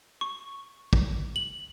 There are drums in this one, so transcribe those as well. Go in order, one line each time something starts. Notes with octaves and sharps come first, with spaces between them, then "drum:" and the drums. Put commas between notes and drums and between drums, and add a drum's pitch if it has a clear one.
C#6
drum: kick
F#7